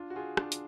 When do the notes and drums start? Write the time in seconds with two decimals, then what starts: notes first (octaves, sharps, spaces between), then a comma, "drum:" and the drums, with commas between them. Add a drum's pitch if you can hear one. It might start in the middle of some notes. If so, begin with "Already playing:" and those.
Already playing: D4 F4
0.10 F#4
0.16 F4 G#4
0.37 D4 F4, drum: rim click
0.52 drum: hi-hat